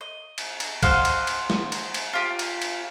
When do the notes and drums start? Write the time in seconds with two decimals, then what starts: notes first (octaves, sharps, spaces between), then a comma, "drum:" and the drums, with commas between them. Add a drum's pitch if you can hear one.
0.01 D#5
0.38 drum: cymbal
0.60 drum: cymbal
0.83 C5 D#5 F5 F#5, drum: kick, cymbal
1.05 drum: cymbal
1.27 drum: cymbal
1.50 drum: snare
1.72 drum: cymbal
1.94 drum: cymbal
2.13 F4 G4
2.39 drum: cymbal
2.62 drum: cymbal